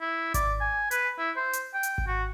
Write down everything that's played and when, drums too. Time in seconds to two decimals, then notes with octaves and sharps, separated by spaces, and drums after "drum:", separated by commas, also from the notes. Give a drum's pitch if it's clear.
0.01 E4
0.34 D5, drum: kick G#1, hi-hat
0.61 G#5
0.91 B4, drum: hi-hat
1.19 E4
1.36 C5
1.53 drum: hi-hat
1.74 G5
1.83 drum: hi-hat
1.98 drum: kick G#1
2.07 F#4